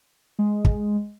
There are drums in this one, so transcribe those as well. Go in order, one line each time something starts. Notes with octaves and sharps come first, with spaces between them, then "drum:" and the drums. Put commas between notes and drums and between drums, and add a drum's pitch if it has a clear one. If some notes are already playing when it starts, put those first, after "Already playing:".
G#3
drum: kick